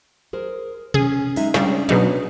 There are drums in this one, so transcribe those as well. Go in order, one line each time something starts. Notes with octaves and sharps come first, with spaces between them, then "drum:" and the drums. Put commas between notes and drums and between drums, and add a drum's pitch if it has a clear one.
G#4 A#4 C5
C#4 G#4, drum: tom B2
G#3 D#4 E5, drum: open hi-hat
C#3 G3 C#4 D4 G#4, drum: snare
B2 F#3 D4 D#4 G#4 B4, drum: hi-hat